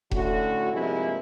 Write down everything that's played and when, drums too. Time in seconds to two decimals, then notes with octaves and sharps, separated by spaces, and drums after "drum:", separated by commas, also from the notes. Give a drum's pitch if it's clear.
0.11 A2 D3 A3 C#4 F#4, drum: kick E1
0.73 G2 C3 F3 G#3 A#3 E4